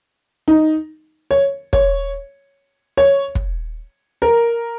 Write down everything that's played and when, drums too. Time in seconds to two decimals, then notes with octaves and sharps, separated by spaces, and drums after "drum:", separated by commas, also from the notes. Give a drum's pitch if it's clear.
0.48 D#4
1.31 C#5
1.73 C#5, drum: kick
2.97 C#5
3.35 drum: kick
4.22 A#4